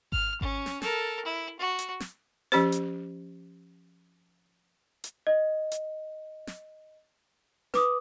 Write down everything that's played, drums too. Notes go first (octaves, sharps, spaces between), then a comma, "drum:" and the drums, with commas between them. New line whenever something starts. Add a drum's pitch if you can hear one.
F6, drum: kick G#1
C#4, drum: kick G#1
drum: snare
A4 A#4, drum: snare
E4
F#4
drum: hi-hat
drum: snare
F3 C#4 G4 C5, drum: snare
drum: hi-hat
drum: hi-hat
D#5
drum: hi-hat
drum: snare
B4 D6 D#6, drum: snare